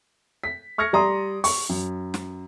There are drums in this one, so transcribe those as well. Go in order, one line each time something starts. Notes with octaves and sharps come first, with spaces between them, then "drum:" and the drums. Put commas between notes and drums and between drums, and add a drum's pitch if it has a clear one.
B6
C#6 F6 G#6 A#6 C#7
G3 D5 A#5 C6 D#6
C#6, drum: open hi-hat
F#2
drum: snare